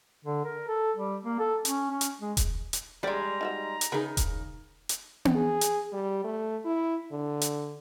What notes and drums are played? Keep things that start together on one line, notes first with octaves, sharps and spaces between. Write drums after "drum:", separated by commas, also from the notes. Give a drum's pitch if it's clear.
D3
A#4
A4
G3
A#3
A4
C#4, drum: hi-hat
C#4
drum: hi-hat
G#3
drum: kick E1, hi-hat
drum: hi-hat
G3 G#3 D4 G4 D5 A#5
D#4 F#4 E5
drum: hi-hat
C#3 D#4 G#4 A#4 B4
drum: kick E1, hi-hat
drum: hi-hat
drum: tom B3
G#4
drum: hi-hat
G3
A3
E4
D3
drum: hi-hat